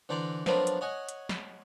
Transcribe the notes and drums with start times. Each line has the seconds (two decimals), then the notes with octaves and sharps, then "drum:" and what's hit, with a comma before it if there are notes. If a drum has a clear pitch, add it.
0.09 D3 E3 C5 D5 A#5
0.46 F3 F#3 B3 C4 D4 A#4, drum: snare
0.67 drum: hi-hat
0.81 C#5 D#5 F#5 G#5
1.09 drum: hi-hat
1.29 drum: snare